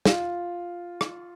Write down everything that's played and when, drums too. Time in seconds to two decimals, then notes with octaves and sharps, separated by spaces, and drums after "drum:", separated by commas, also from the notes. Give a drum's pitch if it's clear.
0.05 F4, drum: snare
1.01 drum: rim click